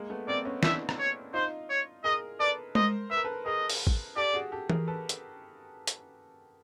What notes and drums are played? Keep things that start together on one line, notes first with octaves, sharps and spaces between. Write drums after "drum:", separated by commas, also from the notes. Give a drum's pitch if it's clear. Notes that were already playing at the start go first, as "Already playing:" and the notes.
Already playing: G#3 A#3
A3 B3
A#3 C4 D5
B3 C#4
D4 E4 E5, drum: snare
drum: rim click
C#5
D#4 F4 C5
C#5
G#4 A#4 D#5
A4 B4 D5
A#4 C5 D#5, drum: tom G#3
B4 E5
A#4
A4 B4
G#4 A#4 D#5
drum: open hi-hat
drum: kick
G4 A4 D5
F#4 G#4
G4 A4
G#4 A#4, drum: tom E3
A4 B4
drum: hi-hat
drum: hi-hat